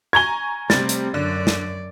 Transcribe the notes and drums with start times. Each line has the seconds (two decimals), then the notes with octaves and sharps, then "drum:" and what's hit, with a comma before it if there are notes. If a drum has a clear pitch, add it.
0.13 G#5 A#5 C#6 G#6 G7
0.70 C3 G3 A3 C4 A6, drum: snare
0.89 drum: hi-hat
1.14 F#2 D3 D5
1.47 drum: snare